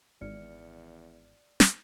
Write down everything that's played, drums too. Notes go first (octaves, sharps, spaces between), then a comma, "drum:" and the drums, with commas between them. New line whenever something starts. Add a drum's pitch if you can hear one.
G#1 E2 D5 F6 C#7
drum: snare